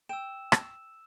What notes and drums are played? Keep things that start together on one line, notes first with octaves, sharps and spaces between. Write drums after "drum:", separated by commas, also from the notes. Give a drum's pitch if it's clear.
G5 E6 E7
drum: rim click